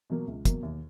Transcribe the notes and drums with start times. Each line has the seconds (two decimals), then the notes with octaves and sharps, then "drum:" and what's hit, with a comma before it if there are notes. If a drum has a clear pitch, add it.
0.10 B2 F#3 A#3
0.27 C#2
0.45 B2 F#3 A#3, drum: kick, hi-hat
0.63 D#2